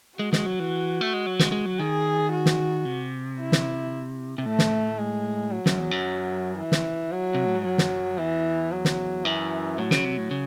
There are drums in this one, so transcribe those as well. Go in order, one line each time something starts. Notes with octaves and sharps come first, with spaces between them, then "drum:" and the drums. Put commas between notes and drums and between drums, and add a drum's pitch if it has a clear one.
G#3 F#4
G#3, drum: snare
F#3
E3
A3
G#3
F#3
G#3, drum: snare
G#3
F#3
D#3 G#4
F#4
drum: snare
C3
E4
drum: snare
C3
A2 A3
drum: snare
G#3
F#3
F#2, drum: snare
E2
F#2
E3
drum: snare
F#3
C3
A2
G#2
F#2 F#3
drum: snare
E2 E3
F#3
drum: snare
F#2 E3
A2 F#3
C#3, drum: snare
C3
A2
C#3